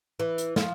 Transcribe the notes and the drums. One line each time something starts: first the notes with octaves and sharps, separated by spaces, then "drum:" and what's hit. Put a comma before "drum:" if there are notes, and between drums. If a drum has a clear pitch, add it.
E3
drum: hi-hat
F3, drum: snare